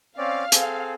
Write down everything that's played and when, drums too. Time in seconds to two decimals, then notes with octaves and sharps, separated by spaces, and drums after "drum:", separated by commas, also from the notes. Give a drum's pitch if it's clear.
0.18 C4 C#4 D5 F5
0.52 C4 G#4 A4, drum: hi-hat